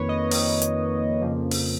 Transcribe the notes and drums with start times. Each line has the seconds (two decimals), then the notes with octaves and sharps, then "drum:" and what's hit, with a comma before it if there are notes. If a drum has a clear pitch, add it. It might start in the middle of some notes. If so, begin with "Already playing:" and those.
Already playing: F2 D#3 A#3 B4 C#5
0.09 D#5
0.31 F2 D#3 A#3, drum: open hi-hat
0.62 drum: hi-hat
1.21 F2 C#3 F3 A#3
1.51 drum: open hi-hat